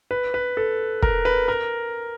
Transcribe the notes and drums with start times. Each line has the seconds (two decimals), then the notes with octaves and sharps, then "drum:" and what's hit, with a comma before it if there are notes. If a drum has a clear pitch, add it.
0.11 B4
0.34 B4
0.57 A4
1.02 A#4, drum: kick
1.25 B4
1.48 A#4